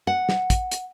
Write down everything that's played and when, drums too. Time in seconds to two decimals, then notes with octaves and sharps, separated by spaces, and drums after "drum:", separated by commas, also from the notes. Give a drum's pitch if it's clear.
0.07 F#5
0.29 drum: snare
0.50 drum: kick, hi-hat
0.71 drum: hi-hat